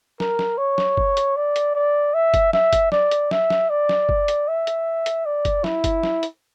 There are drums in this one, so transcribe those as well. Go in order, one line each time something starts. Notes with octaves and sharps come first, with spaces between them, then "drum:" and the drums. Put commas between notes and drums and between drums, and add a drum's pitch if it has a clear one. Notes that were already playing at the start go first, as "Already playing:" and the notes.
A#4, drum: snare
drum: snare
C#5
drum: snare
drum: kick F#1
drum: hi-hat
D5
drum: hi-hat
D5
E5
drum: kick F#1, hi-hat
E5, drum: snare
drum: kick F#1, hi-hat
D5, drum: snare
drum: hi-hat
E5, drum: snare
drum: snare
D5
drum: snare
drum: kick F#1
drum: hi-hat
E5
drum: hi-hat
drum: hi-hat
D5
drum: kick F#1, hi-hat
E4, drum: snare
drum: kick F#1, hi-hat
drum: snare
drum: hi-hat